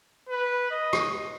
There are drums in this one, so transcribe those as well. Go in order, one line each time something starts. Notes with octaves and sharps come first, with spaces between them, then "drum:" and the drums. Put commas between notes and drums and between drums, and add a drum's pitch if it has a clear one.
B4
D#5
drum: rim click